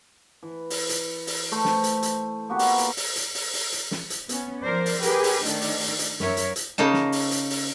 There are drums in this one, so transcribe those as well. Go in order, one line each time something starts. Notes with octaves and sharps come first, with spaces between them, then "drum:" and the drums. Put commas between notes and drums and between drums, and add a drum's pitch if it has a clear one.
E3
drum: open hi-hat
drum: hi-hat
drum: open hi-hat
A3 C5 C#6
drum: snare
drum: hi-hat
drum: hi-hat
A#3 B3 F#4 G4
drum: open hi-hat
drum: hi-hat
drum: open hi-hat
drum: hi-hat
drum: open hi-hat
drum: open hi-hat
drum: hi-hat
drum: snare
drum: hi-hat
B3 C#4, drum: hi-hat
F3 A#4 C5 D5
drum: open hi-hat
G4 G#4 A#4 B4, drum: hi-hat
drum: open hi-hat
D#3 A3 D4 D#4, drum: hi-hat
drum: open hi-hat
drum: open hi-hat
drum: hi-hat
F#2 A#4 C#5 E5, drum: snare
drum: hi-hat
drum: hi-hat
C#3 A#3 D#4 A5
drum: snare
drum: open hi-hat
drum: hi-hat
drum: open hi-hat